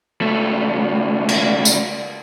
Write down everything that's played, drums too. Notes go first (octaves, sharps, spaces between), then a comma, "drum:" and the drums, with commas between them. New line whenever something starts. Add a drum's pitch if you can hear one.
C#2 A3
drum: cymbal
drum: tambourine